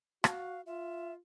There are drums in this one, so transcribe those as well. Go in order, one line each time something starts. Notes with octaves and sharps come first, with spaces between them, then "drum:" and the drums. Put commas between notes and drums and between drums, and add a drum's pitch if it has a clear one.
F#4 F5, drum: rim click
F4 E5